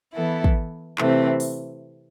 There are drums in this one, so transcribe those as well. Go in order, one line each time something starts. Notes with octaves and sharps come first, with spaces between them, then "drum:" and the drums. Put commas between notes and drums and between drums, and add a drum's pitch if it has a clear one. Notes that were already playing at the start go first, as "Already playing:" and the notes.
E3 B3 E4 A4
drum: kick
C3 E3 A3 C4, drum: clap
drum: open hi-hat